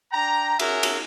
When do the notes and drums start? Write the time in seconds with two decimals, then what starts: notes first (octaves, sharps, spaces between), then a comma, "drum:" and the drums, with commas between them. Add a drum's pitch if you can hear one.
0.12 D4 G5 A#5
0.59 C#4 F#4 G#4 A#4 E5, drum: cymbal
0.83 drum: cymbal